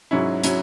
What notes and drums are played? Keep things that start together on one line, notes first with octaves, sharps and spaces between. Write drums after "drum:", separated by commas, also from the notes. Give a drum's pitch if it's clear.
G#2 F#3 C#4 E4
F#3 C#4 E4, drum: hi-hat